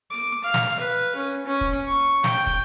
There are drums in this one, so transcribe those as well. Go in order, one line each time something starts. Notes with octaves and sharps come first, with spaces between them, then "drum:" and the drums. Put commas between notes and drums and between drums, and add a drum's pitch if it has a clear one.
D6
F5
drum: snare
B4
C#4
C#4
drum: kick
C#6
G5, drum: snare
drum: kick